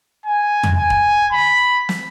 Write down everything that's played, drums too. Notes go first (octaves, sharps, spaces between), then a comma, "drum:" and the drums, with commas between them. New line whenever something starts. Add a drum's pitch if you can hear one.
G#5
drum: tom
G#5
drum: kick E1
B5
drum: snare